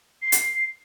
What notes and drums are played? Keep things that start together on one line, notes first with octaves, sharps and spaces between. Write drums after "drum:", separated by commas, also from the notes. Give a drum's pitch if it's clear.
C7
drum: hi-hat